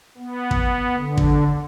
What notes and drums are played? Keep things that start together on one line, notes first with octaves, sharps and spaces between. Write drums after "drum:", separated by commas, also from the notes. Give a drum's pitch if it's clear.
B3
drum: kick
D3
drum: kick